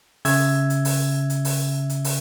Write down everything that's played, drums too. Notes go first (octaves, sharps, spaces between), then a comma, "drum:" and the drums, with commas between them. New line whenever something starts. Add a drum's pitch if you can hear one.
C#3 E5 E6 G#6, drum: open hi-hat
drum: hi-hat
drum: open hi-hat
drum: hi-hat
drum: open hi-hat
drum: hi-hat
drum: open hi-hat